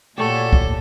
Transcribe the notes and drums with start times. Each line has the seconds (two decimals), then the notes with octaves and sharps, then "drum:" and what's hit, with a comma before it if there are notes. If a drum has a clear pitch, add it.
0.18 A#2 A3 F#4 G4 A4 C#5 D5 G#5
0.53 drum: kick